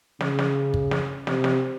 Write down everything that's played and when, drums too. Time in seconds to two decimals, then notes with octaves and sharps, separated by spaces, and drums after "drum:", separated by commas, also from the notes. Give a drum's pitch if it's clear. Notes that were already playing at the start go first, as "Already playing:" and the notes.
0.21 C#3, drum: snare
0.39 drum: snare
0.74 drum: kick
0.91 drum: snare
1.27 C3, drum: snare
1.44 drum: snare